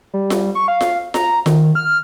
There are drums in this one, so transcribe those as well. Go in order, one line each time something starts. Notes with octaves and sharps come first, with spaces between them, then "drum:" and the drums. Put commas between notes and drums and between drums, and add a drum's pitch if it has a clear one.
G3
drum: snare F4
C#6
F5
drum: snare F4
A#5, drum: snare F4
D#3, drum: snare F4
F6